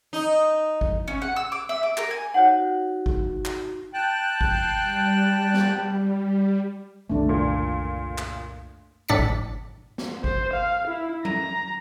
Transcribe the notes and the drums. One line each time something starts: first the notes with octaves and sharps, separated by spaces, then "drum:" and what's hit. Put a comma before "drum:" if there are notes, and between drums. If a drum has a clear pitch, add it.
D#4
drum: kick G#1
C#4
F#5
E6
D6
E5
D6
A#4, drum: clap
G#5
D#4 F#4 C5 C#5 F#5
drum: kick G#1
drum: clap
G5 A5 F#6
G6 C7, drum: kick G#1
G3
drum: snare
F#1 C2 D#3 A3 D4
A#2
drum: clap
A2 D4 A6 B6 C#7
drum: kick G#1
drum: snare
C5, drum: kick G#1
F5
E4
A#5, drum: tom F#3